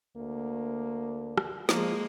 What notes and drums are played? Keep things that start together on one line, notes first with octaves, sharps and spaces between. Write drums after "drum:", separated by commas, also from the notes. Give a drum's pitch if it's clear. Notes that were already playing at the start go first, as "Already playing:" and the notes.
D2 A#3
drum: rim click
F3 G#3 A#3, drum: snare